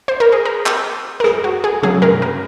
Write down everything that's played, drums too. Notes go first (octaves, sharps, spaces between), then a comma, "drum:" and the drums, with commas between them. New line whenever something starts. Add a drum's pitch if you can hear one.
C5
A#4
G#4
A#4
drum: clap
A#4
G#4, drum: rim click
F#4
G#4
C#3 F#3 G#4
A#4, drum: tom B2
A#4